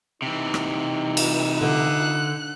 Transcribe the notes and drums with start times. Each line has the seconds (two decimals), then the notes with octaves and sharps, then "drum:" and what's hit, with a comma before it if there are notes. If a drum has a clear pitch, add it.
0.22 C3 E3 D#4
0.54 drum: rim click
1.17 drum: cymbal
1.61 D3 F#6